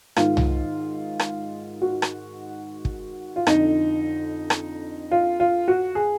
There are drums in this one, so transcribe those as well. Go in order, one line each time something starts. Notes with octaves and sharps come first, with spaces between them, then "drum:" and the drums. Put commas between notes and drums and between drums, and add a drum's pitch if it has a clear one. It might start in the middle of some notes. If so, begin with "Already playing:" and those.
G#2 D#3 F4, drum: rim click
drum: tom C2
drum: rim click
F#4
drum: rim click
drum: kick
F4
F2 D3 D#4, drum: rim click
drum: rim click
F4
F4
F#4
G#4